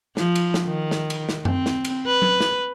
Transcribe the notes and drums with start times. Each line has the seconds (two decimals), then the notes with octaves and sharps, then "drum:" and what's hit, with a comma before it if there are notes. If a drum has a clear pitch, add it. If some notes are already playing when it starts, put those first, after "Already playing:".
0.17 F3, drum: snare
0.35 drum: cymbal
0.54 drum: snare
0.65 D#3
0.91 drum: snare
1.10 drum: cymbal
1.29 drum: snare
1.45 C4, drum: tom F#2
1.66 drum: snare
1.85 drum: cymbal
2.07 B4
2.22 drum: tom
2.40 drum: snare